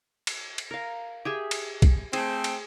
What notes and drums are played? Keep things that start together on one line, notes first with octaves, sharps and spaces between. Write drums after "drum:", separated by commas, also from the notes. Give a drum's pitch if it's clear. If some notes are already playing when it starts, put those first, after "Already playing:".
drum: cymbal
drum: cymbal
A#4 F5
G4 G#4 E5
drum: cymbal
drum: kick, cymbal
A3 C4 G#4 C5, drum: cymbal
drum: cymbal